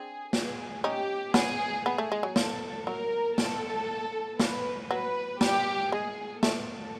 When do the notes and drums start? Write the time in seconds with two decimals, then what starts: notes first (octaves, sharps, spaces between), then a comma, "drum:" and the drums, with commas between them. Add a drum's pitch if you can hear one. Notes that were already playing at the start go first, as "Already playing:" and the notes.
Already playing: C4 D4 G#4
0.33 G#4, drum: snare
0.84 C#4 D#4 G4
1.34 B3 C#4 G#4, drum: snare
1.86 B3 G#4
1.98 A3
2.12 G#3
2.23 F#3
2.36 F3 A4, drum: snare
2.87 F#3 A#4
3.38 A4, drum: snare
4.40 F3 B4, drum: snare
4.90 F#3 B4
5.41 G3 G4, drum: snare
5.92 G#3 G#4
6.43 A3 A4, drum: snare